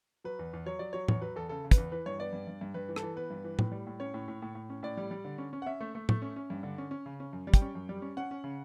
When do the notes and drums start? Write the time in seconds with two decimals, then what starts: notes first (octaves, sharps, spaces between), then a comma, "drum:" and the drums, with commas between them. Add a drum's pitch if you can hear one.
0.24 F#3 B4
0.39 E2
0.53 E2
0.66 F#3 C#5
0.79 F#3 D5
0.93 F#3 C#5
1.08 E2 C#5, drum: tom A2
1.22 F#3 B4
1.36 E2 A4
1.49 C#3 A4
1.64 C#3
1.71 B4, drum: kick, hi-hat
1.78 E2
1.92 E3 B4
2.06 G2 C#5
2.19 B3 D5
2.33 G2
2.47 G2
2.61 G2
2.74 G2 B4
2.89 E3
2.96 A4, drum: rim click
3.03 E3
3.16 B3 B4
3.30 G2
3.44 E3
3.59 A2, drum: tom A2
3.72 G3
3.87 A2
4.00 C#4 C#5
4.14 A2
4.28 A2
4.42 A2
4.55 A2
4.70 C#4
4.83 A2 D5
4.97 G3
5.11 G3
5.25 D3
5.38 C#4
5.53 C#4
5.62 F#5
5.66 C#4 E5
5.81 A3
5.95 A3
6.09 A3, drum: tom A2
6.22 C#4
6.36 C#4
6.50 G2
6.63 D3
6.78 C#4
6.91 C#4
7.06 C#3
7.20 C#4
7.33 F#2
7.47 G3
7.54 G5, drum: kick, hi-hat
7.62 C#4
7.75 F#2
7.89 G3
8.02 C#4
8.17 C#4 F#5
8.31 C#4
8.44 C#3